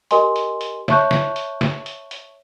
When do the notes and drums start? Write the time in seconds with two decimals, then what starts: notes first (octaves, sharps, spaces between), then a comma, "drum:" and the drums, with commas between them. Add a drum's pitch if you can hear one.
0.11 G4 A#4 D#5 G#5 C6, drum: hi-hat
0.36 drum: hi-hat
0.61 drum: hi-hat
0.88 C#5 E5 A5 C#6 F#6 G6, drum: snare
1.11 drum: snare
1.36 drum: hi-hat
1.61 drum: snare
1.86 drum: hi-hat
2.11 drum: hi-hat